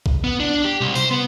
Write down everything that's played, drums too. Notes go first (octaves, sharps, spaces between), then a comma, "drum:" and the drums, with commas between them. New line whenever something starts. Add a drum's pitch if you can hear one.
drum: kick
B3
D4
G4
C2
C5, drum: tambourine
B3